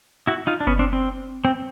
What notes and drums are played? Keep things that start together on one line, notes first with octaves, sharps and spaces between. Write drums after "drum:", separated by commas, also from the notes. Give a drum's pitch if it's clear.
E4 F#4
D#4 F4
D4
B3 C#4, drum: kick F#1
C4 D4
C4
C4